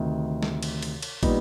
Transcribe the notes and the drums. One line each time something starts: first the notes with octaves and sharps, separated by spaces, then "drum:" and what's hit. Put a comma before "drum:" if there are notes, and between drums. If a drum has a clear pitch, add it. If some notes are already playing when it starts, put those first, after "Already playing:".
Already playing: D2 C3 D#3
drum: snare
drum: cymbal
drum: cymbal
drum: cymbal
A#2 G3 B3 D#4, drum: kick, cymbal